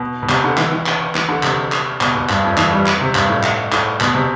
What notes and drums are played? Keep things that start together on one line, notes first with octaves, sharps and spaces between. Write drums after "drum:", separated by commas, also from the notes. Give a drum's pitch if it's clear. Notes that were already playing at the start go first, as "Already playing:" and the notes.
Already playing: B2
B2
C3, drum: clap
D3
E3, drum: clap
E3
drum: clap
E3, drum: clap
D3
C3, drum: clap
drum: clap
B2, drum: clap
B2
G2, drum: clap
F2
E3, drum: clap
G3
drum: clap
C3
G2, drum: clap
A2
drum: clap
A2, drum: clap
B2, drum: clap
C3